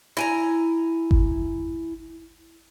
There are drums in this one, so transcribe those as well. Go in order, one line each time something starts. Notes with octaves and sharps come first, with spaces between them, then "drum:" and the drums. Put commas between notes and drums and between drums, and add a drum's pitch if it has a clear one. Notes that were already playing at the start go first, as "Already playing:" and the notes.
E4 G#5 A#5
drum: kick G1